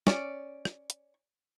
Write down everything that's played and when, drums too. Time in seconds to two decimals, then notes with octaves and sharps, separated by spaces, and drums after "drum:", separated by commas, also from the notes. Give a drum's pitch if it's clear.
0.07 C#4 D5, drum: snare
0.65 drum: rim click
0.90 drum: hi-hat